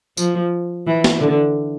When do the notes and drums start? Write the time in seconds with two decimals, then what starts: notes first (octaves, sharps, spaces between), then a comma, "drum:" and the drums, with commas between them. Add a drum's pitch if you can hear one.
0.17 F3, drum: tambourine
0.87 E3
1.04 drum: snare
1.21 D3